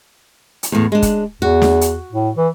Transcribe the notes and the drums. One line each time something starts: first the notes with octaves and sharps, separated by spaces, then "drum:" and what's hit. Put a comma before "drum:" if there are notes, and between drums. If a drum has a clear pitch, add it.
drum: hi-hat
E2 A2
G#3 D4
drum: kick, hi-hat
E2 F#4
drum: snare
drum: hi-hat
A2
E3